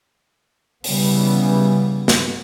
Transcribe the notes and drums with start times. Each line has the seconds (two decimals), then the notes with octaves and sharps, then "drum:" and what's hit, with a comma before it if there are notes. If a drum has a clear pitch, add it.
0.84 C#3 E3 G3 B3, drum: open hi-hat
2.08 drum: snare